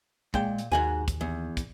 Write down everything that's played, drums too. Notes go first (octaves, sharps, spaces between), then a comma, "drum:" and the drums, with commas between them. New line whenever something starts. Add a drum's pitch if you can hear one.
A#2 G#3 G5, drum: kick
drum: hi-hat
D#2 G#2 F#4 G#5
drum: kick, hi-hat
E2
drum: kick, hi-hat